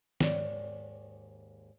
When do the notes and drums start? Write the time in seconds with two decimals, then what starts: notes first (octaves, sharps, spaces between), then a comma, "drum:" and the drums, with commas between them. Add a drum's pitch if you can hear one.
0.21 D#2 G#2 C#5 D5, drum: snare